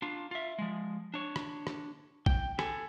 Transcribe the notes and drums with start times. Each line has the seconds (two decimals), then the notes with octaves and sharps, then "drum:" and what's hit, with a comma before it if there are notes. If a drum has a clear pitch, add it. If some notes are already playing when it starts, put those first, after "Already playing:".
0.02 D4 F4
0.31 F4 E5
0.59 F3 G#3
1.14 D4 C#5
1.36 drum: rim click
1.67 drum: rim click
2.26 G5, drum: kick A1
2.59 A4 G#5, drum: rim click